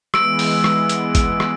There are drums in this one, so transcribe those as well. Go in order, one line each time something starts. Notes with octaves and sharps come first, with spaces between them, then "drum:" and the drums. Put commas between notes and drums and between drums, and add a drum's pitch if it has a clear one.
E3 G#3 B3 E6 D7, drum: rim click
drum: open hi-hat
drum: rim click
drum: hi-hat
drum: kick, hi-hat
drum: rim click